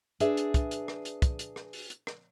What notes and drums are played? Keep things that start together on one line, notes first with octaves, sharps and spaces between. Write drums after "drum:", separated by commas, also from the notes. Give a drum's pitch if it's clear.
D4 G#4 B4 D5 E5, drum: hi-hat
drum: hi-hat
drum: kick, hi-hat
drum: hi-hat
drum: rim click
drum: hi-hat
drum: kick, hi-hat
drum: hi-hat
drum: rim click
drum: open hi-hat
drum: hi-hat
drum: rim click